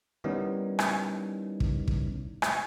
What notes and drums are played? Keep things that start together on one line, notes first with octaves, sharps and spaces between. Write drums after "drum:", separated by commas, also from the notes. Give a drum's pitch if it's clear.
D#3 G3 B3 C#4 D#4 E4
drum: rim click
drum: kick
drum: kick
drum: rim click